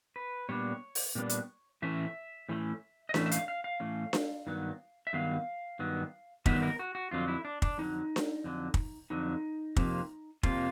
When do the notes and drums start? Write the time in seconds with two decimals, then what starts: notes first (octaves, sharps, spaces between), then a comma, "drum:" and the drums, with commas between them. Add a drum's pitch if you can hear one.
0.16 B4
0.49 A#2 G3 B3 D4 C#5
0.95 drum: open hi-hat
1.15 A#2 G3 B3 D4
1.29 drum: hi-hat
1.82 A2 E3 A3 C#4 E5
2.49 A2 E3 A3 C#4
3.09 D#5
3.14 A2 E3 A3 C#4 E5, drum: snare D4
3.26 E5
3.31 F5, drum: hi-hat
3.48 F5
3.64 F5
3.80 A2 E3 A3 C#4
4.13 drum: snare D4
4.47 G2 D#3 F#3 B3
5.07 E5
5.13 G2 D#3 F#3 B3 F5
5.79 G2 D#3 F#3 B3
6.46 G2 D#3 F#3 B3 E5, drum: kick
6.62 A#4
6.79 F#4
6.95 F#4
7.11 F2 D3 F#3 F4
7.28 E4
7.45 D4
7.62 D4, drum: kick
7.78 F2 D3 F#3 D#4
8.16 drum: snare D4
8.44 F2 D3 F#3
8.74 drum: kick
9.10 F2 D3 F#3 D#4
9.76 F2 C3 F3 A#3, drum: kick
10.43 F2 C3 F3 A#3 F4, drum: kick